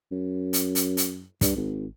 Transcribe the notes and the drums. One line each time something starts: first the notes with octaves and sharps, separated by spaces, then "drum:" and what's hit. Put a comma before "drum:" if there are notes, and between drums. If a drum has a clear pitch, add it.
F#2
drum: hi-hat
drum: hi-hat
drum: hi-hat
G2, drum: kick, hi-hat
G#1